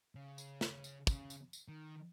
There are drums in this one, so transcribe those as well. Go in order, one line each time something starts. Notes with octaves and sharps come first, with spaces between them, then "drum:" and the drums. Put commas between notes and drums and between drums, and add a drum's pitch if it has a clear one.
C#3
drum: tambourine
drum: snare
drum: tambourine
C#3, drum: kick, tambourine
drum: tambourine
drum: tambourine
D#3